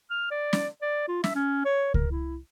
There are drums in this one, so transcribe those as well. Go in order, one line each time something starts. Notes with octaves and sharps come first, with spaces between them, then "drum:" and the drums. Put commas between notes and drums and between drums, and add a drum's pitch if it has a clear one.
F6
D5
drum: snare
D5
F4
E5, drum: snare
C#4
C#5
A#4, drum: kick C#2
E4